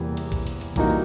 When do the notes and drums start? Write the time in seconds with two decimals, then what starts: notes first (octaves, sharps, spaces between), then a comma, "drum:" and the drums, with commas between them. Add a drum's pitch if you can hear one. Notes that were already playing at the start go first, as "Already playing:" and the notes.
Already playing: E2 C3 E3 G3 A#3
0.17 drum: hi-hat
0.32 drum: kick, hi-hat
0.47 drum: hi-hat
0.61 drum: hi-hat
0.76 E3 G3 A#3 D#4 F#4, drum: kick, hi-hat